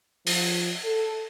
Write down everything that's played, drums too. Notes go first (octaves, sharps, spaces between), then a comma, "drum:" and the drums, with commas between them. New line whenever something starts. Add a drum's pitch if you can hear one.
F3, drum: open hi-hat
A4